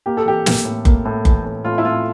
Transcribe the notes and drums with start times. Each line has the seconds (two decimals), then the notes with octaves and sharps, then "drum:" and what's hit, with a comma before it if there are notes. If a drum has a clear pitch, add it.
0.06 A#3 G4
0.17 A4
0.26 E3 G4
0.46 A#3, drum: snare
0.65 A2
0.85 A#3, drum: kick F#1
1.05 A2
1.25 E3, drum: kick F#1
1.45 A2
1.65 A2 F4
1.78 E4
1.85 A2 F4